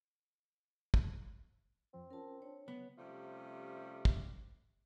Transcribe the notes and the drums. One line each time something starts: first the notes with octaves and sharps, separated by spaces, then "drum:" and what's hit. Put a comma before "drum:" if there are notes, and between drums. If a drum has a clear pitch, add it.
drum: kick
F2 F3 C4
C#4 F4 A#4 A5
D4 C#5
C#3 F#3 B3
C3 F3 G3 A3 C#4
drum: kick